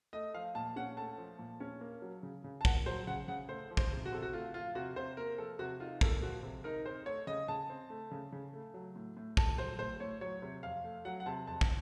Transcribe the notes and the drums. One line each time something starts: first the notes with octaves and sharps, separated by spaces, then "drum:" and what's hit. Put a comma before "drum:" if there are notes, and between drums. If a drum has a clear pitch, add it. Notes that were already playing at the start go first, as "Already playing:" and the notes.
A3 D#5
F3 F5
A#2 A5
C#4 F#5
A3 A5
F3
A#2
C#4
A#3
F#3
C#3
C#3
A5
A#3 F#5, drum: kick
F#3 C5
C#3 F#5
C#3 F#5
A3 C5
F3
C5, drum: kick
C3
F#4
C3 A4
F#4
A3 F4
F3 F4
C3 F#4
C3 C5
A#3 A#4
F3 A4
C3 F#4
D#4 F4
A#3 A4, drum: kick
F3 F#4
C3
D#4 A#4
C4 C5
A3 C#5
C#3 D#5
C#3 A5
C4
A3
C#3
C#3
A3
F#3
A2
A2
A3 A5, drum: kick
F#3 C5
A2 C5
A2 C#5
F#3 C#5
C3
F2 F5
A3
F#3 F#5
F#5
C3 A5
F2 A5
drum: kick